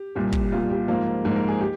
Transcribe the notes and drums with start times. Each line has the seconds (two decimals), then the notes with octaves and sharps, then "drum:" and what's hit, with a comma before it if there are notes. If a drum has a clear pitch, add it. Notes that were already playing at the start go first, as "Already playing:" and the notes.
Already playing: G4
0.15 C2 A#2 G3
0.32 drum: kick
0.52 C2 A#2 G3 F4
0.70 G4
0.88 G#2 F3 A#3 F4
1.25 G#2 F3 A#3
1.36 A#4
1.48 G#4
1.61 G4